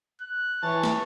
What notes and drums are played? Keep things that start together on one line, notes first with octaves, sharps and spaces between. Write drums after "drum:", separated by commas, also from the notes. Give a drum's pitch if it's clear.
F#6
E3 C#5 A5
drum: snare